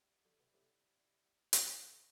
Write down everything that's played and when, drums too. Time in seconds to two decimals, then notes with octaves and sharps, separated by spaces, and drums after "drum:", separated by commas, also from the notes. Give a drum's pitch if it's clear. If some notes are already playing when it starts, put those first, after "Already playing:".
Already playing: B3 E4 G4 D5
0.25 D3 F#3
0.39 B2
0.54 A2 C3
1.53 drum: hi-hat
1.83 B2 D3 A3 D4 F#4